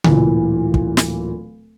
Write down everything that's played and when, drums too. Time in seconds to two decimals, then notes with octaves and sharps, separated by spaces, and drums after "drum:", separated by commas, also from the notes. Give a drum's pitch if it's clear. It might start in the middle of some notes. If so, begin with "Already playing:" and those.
0.04 D1 A#2 E3, drum: tom C#3
0.74 drum: kick
0.97 drum: snare